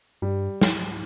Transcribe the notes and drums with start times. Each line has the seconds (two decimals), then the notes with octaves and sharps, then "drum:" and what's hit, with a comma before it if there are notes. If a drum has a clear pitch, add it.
0.22 G2 G3
0.61 drum: snare